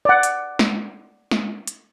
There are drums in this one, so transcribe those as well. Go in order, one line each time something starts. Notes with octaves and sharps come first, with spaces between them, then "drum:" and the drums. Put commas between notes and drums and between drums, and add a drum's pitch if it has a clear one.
D5 F#5
drum: hi-hat
drum: snare
drum: snare
drum: hi-hat